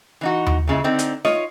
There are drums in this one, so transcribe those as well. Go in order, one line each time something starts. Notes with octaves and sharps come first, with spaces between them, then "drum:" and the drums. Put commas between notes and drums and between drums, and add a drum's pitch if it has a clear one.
E3 D#4 F#4
drum: tom D#2
A#2 C#3 G#3 E4
D3 C4 D#4
drum: hi-hat
F4 C#5 D#5, drum: snare D#4